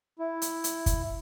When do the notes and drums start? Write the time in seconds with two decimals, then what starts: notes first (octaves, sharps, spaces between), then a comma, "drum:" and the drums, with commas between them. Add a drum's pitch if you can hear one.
0.19 E4
0.42 drum: hi-hat
0.64 drum: hi-hat
0.86 drum: kick, hi-hat